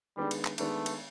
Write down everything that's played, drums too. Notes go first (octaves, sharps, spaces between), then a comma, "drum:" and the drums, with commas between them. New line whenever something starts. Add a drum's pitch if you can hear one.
D#3 G3 G#3 B3 D4
drum: cymbal
drum: clap
D#3 G#3 A3 B3 D4, drum: cymbal
drum: cymbal